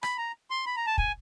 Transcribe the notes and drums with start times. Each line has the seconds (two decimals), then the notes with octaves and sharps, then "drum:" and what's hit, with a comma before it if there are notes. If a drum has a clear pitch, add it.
0.03 B5, drum: rim click
0.18 A#5
0.51 C6
0.66 B5
0.76 A#5
0.87 A5
0.98 G#5, drum: kick